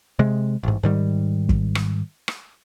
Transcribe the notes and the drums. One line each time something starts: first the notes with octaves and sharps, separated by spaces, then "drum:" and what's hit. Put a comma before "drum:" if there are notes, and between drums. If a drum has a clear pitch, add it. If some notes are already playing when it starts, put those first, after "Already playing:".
C3 G#3
A1 G#2
G#2 D#3 G3
drum: kick
drum: rim click
drum: rim click